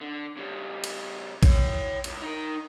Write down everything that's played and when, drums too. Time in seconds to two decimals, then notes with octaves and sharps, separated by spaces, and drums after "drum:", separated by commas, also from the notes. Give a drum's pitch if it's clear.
0.01 D3
0.37 C#3 G3
0.84 drum: cymbal
1.43 C#5 G5, drum: kick, cymbal
2.04 C#2 F#2, drum: cymbal
2.22 D#4 A#4